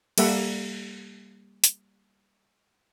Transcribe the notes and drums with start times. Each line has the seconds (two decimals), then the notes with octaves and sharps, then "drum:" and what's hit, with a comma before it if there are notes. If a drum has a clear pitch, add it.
0.18 G3 A#3 A4 E5 F#5 B5, drum: cymbal
1.64 drum: hi-hat